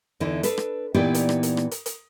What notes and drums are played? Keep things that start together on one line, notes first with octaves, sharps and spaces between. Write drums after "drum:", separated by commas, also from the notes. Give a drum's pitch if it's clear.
E2 D3 E3 D#4
D4 A4 B4, drum: hi-hat
drum: rim click
A#2 E3 B3 D#4 G4 D5
drum: hi-hat
drum: rim click
drum: hi-hat
drum: rim click
drum: hi-hat
drum: hi-hat